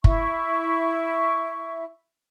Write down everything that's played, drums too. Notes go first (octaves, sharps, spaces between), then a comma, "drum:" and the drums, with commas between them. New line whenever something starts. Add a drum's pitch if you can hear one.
E4 E5 C#6, drum: kick